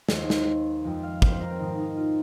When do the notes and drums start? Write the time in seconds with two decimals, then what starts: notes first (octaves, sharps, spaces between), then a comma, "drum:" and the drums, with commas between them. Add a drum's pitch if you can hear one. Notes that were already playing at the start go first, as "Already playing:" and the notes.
0.09 D#2 D#3 G#3 C5, drum: snare
0.30 drum: snare
0.84 F2 F3 G#3
1.03 F5
1.22 F5, drum: kick
1.31 C5
1.41 A#4
1.50 C4
1.58 G#2 D#3 G#3 D#4
1.78 D#4
1.97 F4